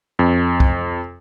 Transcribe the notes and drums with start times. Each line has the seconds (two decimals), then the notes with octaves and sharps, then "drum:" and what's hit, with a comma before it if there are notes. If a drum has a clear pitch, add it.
0.19 F2
0.60 drum: kick C2